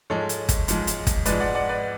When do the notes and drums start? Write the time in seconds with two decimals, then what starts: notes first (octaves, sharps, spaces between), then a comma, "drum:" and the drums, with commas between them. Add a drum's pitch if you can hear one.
0.10 G#2 F3 G#3 A4 C#5
0.29 drum: hi-hat
0.49 drum: kick, hi-hat
0.68 G#2 F3 G#3, drum: hi-hat
0.87 drum: hi-hat
1.07 drum: kick, hi-hat
1.26 G#2 F3 G#3 B4 D5, drum: hi-hat
1.40 D5 F#5
1.55 D5 F#5
1.69 B4 D5